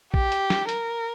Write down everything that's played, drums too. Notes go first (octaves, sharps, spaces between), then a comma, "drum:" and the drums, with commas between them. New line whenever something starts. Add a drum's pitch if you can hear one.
G4, drum: kick
drum: hi-hat
drum: snare
A#4, drum: hi-hat